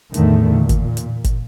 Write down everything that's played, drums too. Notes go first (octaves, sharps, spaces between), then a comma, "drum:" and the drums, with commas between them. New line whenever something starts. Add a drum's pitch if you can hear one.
E2 A2 D3 D#3 A3, drum: hi-hat
A#2
drum: kick G1, hi-hat
drum: hi-hat
drum: kick G1, hi-hat